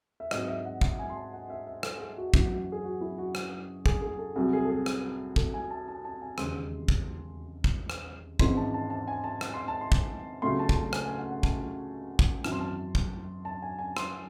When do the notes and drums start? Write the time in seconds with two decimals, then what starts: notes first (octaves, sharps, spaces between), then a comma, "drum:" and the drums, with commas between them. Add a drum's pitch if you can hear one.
0.20 E5
0.31 G#2 F#3 C4 D#5, drum: rim click
0.48 E5
0.65 F#5
0.81 F#5, drum: kick
0.99 G#5
1.10 C6
1.16 A5
1.33 F#5
1.50 E5
1.67 E5
1.83 A4, drum: rim click
2.00 G#4
2.17 F#4
2.34 F#1 F#2 E3 F#4, drum: kick
2.50 F#4
2.72 G#4
2.84 F#4
3.01 E4
3.18 F#4
3.35 drum: rim click
3.86 G#4, drum: kick
4.02 G#4
4.18 A4
4.36 C2 C3 F#3 G#4
4.53 G#4
4.65 A4
4.69 G#4
4.86 drum: rim click
5.36 A4, drum: kick
5.54 G#5
5.70 A5
5.88 A5
6.05 A5
6.22 G#5
6.38 E1 D#2 C#3 G#3 C6, drum: rim click
6.88 drum: kick
7.64 drum: kick
7.90 drum: rim click
8.39 G#1 G#2 E3 G#3 C#4 C6, drum: kick
8.57 A5
8.74 A5
8.90 A5
9.08 G#5
9.24 A5
9.41 drum: rim click
9.54 C6
9.68 A5
9.81 C6
9.92 drum: kick
10.42 C#2 C#3 F#3 A3 C#4 C6
10.59 A5
10.69 C6, drum: kick
10.76 A5
10.93 G#5, drum: rim click
11.06 G#5
11.18 F#5
11.31 F#5
11.43 A5, drum: kick
12.19 drum: kick
12.44 G#1 F#2 E3 A5, drum: rim click
12.52 C6
12.60 A5
12.95 drum: kick
13.45 A5
13.62 G#5
13.78 G#5
13.97 C6, drum: rim click